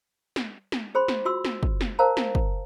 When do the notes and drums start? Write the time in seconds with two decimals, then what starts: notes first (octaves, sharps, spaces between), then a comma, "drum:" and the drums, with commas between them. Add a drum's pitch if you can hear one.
0.36 drum: snare
0.72 drum: snare
0.95 G#4 C5 B5 C6
1.08 drum: snare
1.25 F4 F#4 C6 E6
1.45 drum: snare
1.63 drum: kick
1.81 drum: snare
1.99 A#4 C5 F5 A5 A#5
2.17 drum: snare
2.35 drum: kick